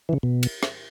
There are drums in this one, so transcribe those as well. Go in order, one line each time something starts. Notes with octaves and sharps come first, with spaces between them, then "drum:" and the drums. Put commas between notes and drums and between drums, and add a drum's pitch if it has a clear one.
E3
C#3
B2
drum: cymbal
drum: rim click